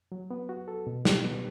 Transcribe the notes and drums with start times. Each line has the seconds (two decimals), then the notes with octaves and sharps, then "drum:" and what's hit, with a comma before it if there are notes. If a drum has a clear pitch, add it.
0.12 F#3
0.31 B3
0.49 F#4
0.68 A4
0.87 B2
1.05 F#3, drum: snare
1.24 B3